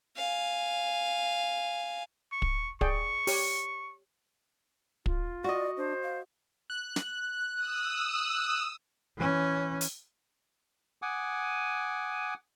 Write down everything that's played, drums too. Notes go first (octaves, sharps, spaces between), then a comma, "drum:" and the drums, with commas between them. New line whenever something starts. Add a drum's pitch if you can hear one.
F5 G#5
C#6
drum: kick
G#4 D5 G5 C#6, drum: kick
G4 C#5, drum: open hi-hat
F4, drum: kick
F#4 D5 D#5
D4 C5
F5
F#6
drum: snare
D#6 E6
E3 C#4
drum: hi-hat
F#5 G#5 D6 D#6